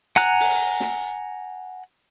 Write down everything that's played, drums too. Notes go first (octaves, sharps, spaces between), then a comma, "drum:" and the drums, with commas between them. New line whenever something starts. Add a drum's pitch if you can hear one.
F#5 G#5 A#5 F#6, drum: hi-hat
drum: open hi-hat
drum: snare